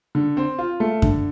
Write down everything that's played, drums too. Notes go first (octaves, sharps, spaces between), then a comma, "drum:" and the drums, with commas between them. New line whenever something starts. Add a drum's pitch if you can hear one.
D3
C4
F4
A3
D3, drum: kick F#2